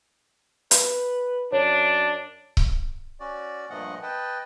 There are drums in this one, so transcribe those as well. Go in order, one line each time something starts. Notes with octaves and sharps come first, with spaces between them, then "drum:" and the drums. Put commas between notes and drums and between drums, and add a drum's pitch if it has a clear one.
B4, drum: hi-hat
F#2 D4 C#5
drum: kick C#1
C#4 F#4 D5
G2 A#2 F3 A3 D#5 F#5
B4 D#5 G5 A5